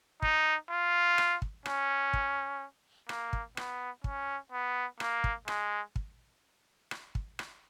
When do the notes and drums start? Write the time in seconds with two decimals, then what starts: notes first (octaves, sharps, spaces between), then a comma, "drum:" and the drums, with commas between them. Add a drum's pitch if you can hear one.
0.22 D#4, drum: kick
0.70 F4
1.18 drum: rim click
1.42 drum: kick
1.66 C#4, drum: rim click
2.13 drum: kick
3.09 A#3, drum: rim click
3.33 drum: kick
3.57 B3, drum: rim click
4.04 C#4, drum: kick
4.52 B3
5.00 A#3, drum: rim click
5.24 drum: kick
5.48 G#3, drum: rim click
5.96 drum: kick
6.91 drum: rim click
7.15 drum: kick
7.39 drum: rim click